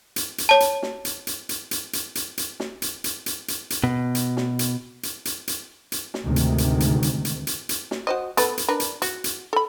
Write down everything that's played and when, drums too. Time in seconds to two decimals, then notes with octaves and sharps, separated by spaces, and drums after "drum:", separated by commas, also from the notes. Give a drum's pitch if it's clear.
0.16 drum: hi-hat
0.38 drum: hi-hat
0.49 C#5 A5
0.60 drum: hi-hat
0.83 drum: snare
1.05 drum: hi-hat
1.27 drum: hi-hat
1.49 drum: hi-hat
1.71 drum: hi-hat
1.93 drum: hi-hat
2.15 drum: hi-hat
2.38 drum: hi-hat
2.60 drum: snare
2.82 drum: hi-hat
3.04 drum: hi-hat
3.26 drum: hi-hat
3.48 drum: hi-hat
3.70 drum: hi-hat
3.84 B2
4.15 drum: hi-hat
4.37 drum: snare
4.59 drum: hi-hat
5.03 drum: hi-hat
5.25 drum: hi-hat
5.48 drum: hi-hat
5.92 drum: hi-hat
6.14 drum: snare
6.23 D2 G#2 C3 D#3
6.36 drum: hi-hat
6.58 drum: hi-hat
6.80 drum: hi-hat
7.03 drum: hi-hat
7.25 drum: hi-hat
7.47 drum: hi-hat
7.69 drum: hi-hat
7.91 drum: snare
8.07 F#4 C5 D#5
8.37 B3 A4 B4, drum: hi-hat
8.58 drum: hi-hat
8.69 D4 A#4 B4
8.80 drum: hi-hat
9.02 F#4, drum: hi-hat
9.24 drum: hi-hat
9.53 A4 B5